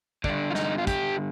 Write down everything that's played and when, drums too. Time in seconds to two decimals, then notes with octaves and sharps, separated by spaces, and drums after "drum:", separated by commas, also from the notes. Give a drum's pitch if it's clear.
0.24 G2 D3 D4, drum: kick
0.51 F4
0.55 D#4, drum: snare
0.78 F4
0.87 G4, drum: kick, hi-hat